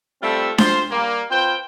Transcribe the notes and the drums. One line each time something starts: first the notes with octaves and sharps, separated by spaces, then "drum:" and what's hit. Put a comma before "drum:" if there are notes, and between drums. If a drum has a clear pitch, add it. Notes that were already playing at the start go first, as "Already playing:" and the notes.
G3 A3 C4 F4 A4 E5
F4 C5, drum: snare D4
G3 A#3
C4 F4 B4 C5 G5